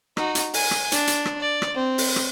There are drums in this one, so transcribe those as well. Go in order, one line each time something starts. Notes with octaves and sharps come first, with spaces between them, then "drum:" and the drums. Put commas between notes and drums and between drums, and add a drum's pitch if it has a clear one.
D#4 F#4, drum: rim click
drum: hi-hat
G#5, drum: open hi-hat
drum: rim click
D4, drum: hi-hat
drum: hi-hat
drum: rim click
D5
drum: rim click
C4
drum: open hi-hat
drum: rim click